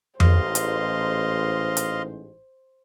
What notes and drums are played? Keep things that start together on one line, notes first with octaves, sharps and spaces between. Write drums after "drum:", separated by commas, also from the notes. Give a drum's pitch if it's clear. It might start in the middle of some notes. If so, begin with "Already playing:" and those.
A1 G#2 C5 D#5 F5 C6, drum: tom F2
drum: hi-hat
drum: hi-hat